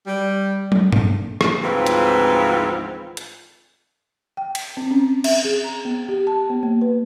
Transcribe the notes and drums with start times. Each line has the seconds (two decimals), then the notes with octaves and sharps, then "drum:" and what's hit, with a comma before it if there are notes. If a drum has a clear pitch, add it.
0.07 G3
0.72 drum: tom
0.92 drum: tom G2
1.41 drum: rim click
1.63 D2 G#2 E3 F3 C4 F4
1.86 drum: hi-hat
3.17 drum: hi-hat
4.37 G5
4.55 drum: cymbal
4.77 C4
4.91 C#4
5.24 E5, drum: cymbal
5.45 G#4
5.64 A#5
5.85 B3
6.09 G4
6.27 A5
6.50 B3
6.63 A#3
6.81 B4